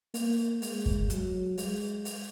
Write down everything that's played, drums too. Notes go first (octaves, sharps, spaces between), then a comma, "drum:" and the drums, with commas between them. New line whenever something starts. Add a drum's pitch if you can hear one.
A#3, drum: open hi-hat
G#3, drum: open hi-hat
drum: kick
F#3, drum: hi-hat
G#3, drum: open hi-hat
drum: open hi-hat